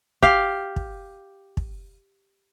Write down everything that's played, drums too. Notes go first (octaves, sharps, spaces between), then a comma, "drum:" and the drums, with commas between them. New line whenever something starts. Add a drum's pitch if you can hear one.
G4 F5, drum: kick
drum: kick
drum: kick